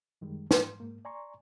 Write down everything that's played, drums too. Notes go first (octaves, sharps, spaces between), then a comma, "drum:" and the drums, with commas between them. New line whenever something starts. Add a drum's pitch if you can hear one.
F#2 D#3 G3 G#3
G#2 C6, drum: snare
G#2 A#3
D5 G#5 A#5 C6 C#6